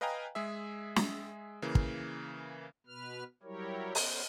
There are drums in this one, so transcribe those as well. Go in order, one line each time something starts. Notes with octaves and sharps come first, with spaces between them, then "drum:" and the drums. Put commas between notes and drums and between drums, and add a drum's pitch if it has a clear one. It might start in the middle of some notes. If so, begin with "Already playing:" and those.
B4 D#5 F5 G5 G#5 A#5
G#3 G#4 E5
drum: snare
C#3 E3 A#3
drum: kick
B2 B4 F6
F#3 G3 E4 G4 A#4 C#5
B3 C#4 C5, drum: open hi-hat